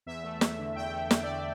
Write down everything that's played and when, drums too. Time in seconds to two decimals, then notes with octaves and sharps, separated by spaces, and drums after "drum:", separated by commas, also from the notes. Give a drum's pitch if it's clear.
0.06 E2 E5
0.23 A3
0.41 E2, drum: snare
0.59 D3
0.76 E2 G5
0.93 A3
1.11 E2, drum: snare
1.23 D5
1.28 D3